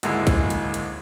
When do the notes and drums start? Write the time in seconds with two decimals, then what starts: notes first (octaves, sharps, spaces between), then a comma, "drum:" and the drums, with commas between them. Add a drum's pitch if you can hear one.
0.03 G#1 D2 D3 G#3 A#3 E4, drum: hi-hat
0.27 drum: kick, hi-hat
0.50 drum: hi-hat
0.74 drum: hi-hat